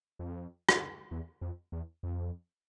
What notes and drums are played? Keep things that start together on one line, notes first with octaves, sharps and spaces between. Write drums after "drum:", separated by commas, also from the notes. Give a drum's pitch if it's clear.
F2
drum: rim click
E2
F2
E2
F2